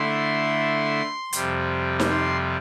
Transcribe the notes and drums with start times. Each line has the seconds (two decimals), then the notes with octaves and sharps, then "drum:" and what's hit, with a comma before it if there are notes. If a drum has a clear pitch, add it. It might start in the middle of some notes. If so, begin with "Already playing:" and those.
Already playing: D3 A3 E4 C6
1.33 F2 C3 G3, drum: hi-hat
2.00 drum: snare D#4
2.10 C6